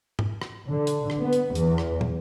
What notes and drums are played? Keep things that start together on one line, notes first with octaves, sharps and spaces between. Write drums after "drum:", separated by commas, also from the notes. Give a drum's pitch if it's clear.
drum: tom G#2
drum: rim click
D3
drum: hi-hat
drum: rim click
B3
drum: hi-hat
E2, drum: hi-hat
drum: rim click
drum: tom